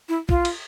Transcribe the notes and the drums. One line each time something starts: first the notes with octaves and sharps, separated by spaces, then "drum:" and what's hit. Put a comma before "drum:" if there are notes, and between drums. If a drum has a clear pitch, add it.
E4
F4, drum: kick
drum: cymbal